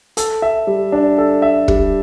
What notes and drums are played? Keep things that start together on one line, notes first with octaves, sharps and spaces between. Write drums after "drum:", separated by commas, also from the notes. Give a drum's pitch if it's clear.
A4, drum: hi-hat
E5
G3
D4
A4
E5
G3, drum: kick